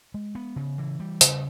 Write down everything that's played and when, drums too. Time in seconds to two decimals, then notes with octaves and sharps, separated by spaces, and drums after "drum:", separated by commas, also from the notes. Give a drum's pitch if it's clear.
0.14 G#3
0.35 B3
0.56 C#3
0.78 E3
1.00 G3
1.21 C#3, drum: hi-hat